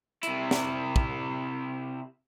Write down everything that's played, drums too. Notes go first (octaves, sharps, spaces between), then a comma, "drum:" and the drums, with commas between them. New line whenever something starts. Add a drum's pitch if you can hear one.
C3 E4, drum: hi-hat
drum: snare
drum: kick